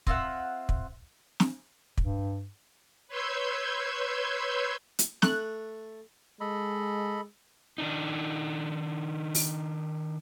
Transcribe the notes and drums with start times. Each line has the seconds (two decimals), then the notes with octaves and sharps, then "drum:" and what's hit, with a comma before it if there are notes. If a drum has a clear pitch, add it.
0.07 C4 F4 E5 F#5, drum: kick
0.69 drum: kick
1.40 drum: snare
1.98 G2, drum: kick
3.08 B4 C#5 C6 E6 G6 G#6
4.99 drum: hi-hat
5.22 A3 F#6, drum: snare
6.41 G#3 A4 D#5 B5
7.78 D#3 D4 D#4
9.34 drum: open hi-hat